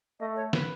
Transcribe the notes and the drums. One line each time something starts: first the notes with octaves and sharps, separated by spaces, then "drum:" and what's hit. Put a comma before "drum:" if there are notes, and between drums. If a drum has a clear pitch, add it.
A3 D#5
C#5
B4, drum: snare